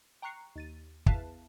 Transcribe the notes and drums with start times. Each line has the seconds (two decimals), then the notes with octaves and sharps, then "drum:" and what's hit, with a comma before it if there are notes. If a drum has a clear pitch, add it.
0.22 G5 A#5 C#6 F#6 C7 C#7
0.56 D#2 A6 D#7
1.06 E2 B4 E5 F5 A5, drum: kick